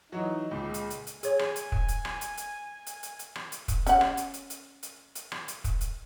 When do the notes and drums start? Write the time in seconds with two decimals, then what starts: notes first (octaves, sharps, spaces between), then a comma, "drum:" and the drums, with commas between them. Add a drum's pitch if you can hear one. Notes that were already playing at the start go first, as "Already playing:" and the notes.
0.12 E3 F#3 D#4 F#4
0.51 C#2 A#2 G#3
0.74 drum: hi-hat
0.90 drum: hi-hat
1.07 drum: hi-hat
1.23 G#4 C#5 G#5, drum: hi-hat
1.39 drum: rim click
1.56 drum: hi-hat
1.72 drum: kick
1.88 drum: hi-hat
2.05 drum: rim click
2.21 drum: hi-hat
2.37 drum: hi-hat
2.86 drum: hi-hat
3.03 drum: hi-hat
3.19 drum: hi-hat
3.35 drum: rim click
3.52 drum: hi-hat
3.68 drum: kick, hi-hat
3.87 C#4 F#5, drum: hi-hat
4.01 drum: rim click
4.17 drum: hi-hat
4.34 drum: hi-hat
4.50 drum: hi-hat
4.83 drum: hi-hat
5.15 drum: hi-hat
5.32 drum: rim click
5.48 drum: hi-hat
5.64 drum: kick, hi-hat
5.81 drum: hi-hat